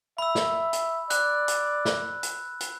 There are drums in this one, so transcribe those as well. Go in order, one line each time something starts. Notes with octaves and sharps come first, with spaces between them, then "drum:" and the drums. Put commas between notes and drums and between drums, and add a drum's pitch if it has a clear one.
E5 B5 E6
drum: snare
drum: hi-hat
D5 F#6, drum: hi-hat
drum: hi-hat
drum: snare
drum: hi-hat
drum: hi-hat